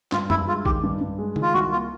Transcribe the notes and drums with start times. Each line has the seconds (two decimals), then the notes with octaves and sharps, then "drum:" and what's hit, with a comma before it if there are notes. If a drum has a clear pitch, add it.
0.12 G2 F4, drum: clap
0.30 G2 E4, drum: tom F#2
0.47 G#3 F4
0.65 D#3 G4, drum: kick A#1
0.83 G2
1.01 G2
1.18 G#3
1.36 D#3, drum: tom
1.42 F4
1.54 C2 F#4
1.72 A#3 F4